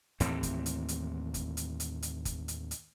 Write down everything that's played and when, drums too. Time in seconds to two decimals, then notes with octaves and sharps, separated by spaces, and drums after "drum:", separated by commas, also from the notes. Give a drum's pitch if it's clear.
0.20 D#2 A2 E3 C4, drum: hi-hat
0.43 drum: kick F#1, hi-hat
0.66 drum: hi-hat
0.89 drum: hi-hat
1.34 drum: kick F#1, hi-hat
1.57 drum: hi-hat
1.80 drum: hi-hat
2.02 drum: hi-hat
2.25 drum: kick F#1, hi-hat
2.48 drum: hi-hat
2.71 drum: hi-hat